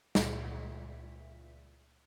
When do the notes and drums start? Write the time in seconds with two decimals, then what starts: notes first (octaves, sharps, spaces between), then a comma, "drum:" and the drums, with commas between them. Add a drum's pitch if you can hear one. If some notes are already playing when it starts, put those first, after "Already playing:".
0.15 C#2 A#2 E5 B6, drum: snare